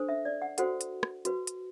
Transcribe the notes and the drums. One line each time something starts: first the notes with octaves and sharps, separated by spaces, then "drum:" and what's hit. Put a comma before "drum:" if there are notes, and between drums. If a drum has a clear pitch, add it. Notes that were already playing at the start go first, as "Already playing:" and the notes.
Already playing: D4 A4 C5
E5
D5
F#5
F#4 A4 C5 F#5, drum: hi-hat
drum: hi-hat
drum: rim click
F#4 B4, drum: hi-hat
drum: hi-hat